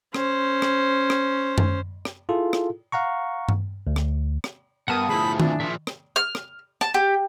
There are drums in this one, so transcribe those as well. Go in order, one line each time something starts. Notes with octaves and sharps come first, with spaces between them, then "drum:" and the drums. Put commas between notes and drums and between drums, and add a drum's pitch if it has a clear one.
C#4 C5, drum: rim click
drum: rim click
drum: rim click
drum: tom F#2
drum: rim click
E4 F4 G#4 A4
drum: rim click
F5 F#5 A#5 C#6
drum: tom G2
D2
drum: rim click
drum: rim click
G2 B3 A#4 F#5 A5 D#6 D#7
D2 F3 E4 G#4 B5
D4, drum: tom D#3
A#2 F3 E5
drum: rim click
F6
drum: rim click
A5, drum: rim click
G4